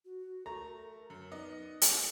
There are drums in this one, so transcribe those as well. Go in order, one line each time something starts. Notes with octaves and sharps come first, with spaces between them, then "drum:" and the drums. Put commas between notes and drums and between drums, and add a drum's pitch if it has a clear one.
F#4
A3 A#4 A#5
F#2
B3 D#4 D5 D#5
drum: hi-hat